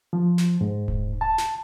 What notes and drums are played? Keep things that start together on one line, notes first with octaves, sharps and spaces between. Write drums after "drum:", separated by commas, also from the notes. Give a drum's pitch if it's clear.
F3
drum: snare
G#2
drum: kick D#1
A5
drum: snare